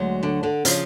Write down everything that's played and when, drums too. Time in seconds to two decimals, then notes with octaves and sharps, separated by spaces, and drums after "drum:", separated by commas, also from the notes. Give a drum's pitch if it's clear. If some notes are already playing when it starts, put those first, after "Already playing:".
Already playing: D2 F#3 G#3
0.23 D3 D4
0.43 D3 D4
0.65 C#3 F3, drum: hi-hat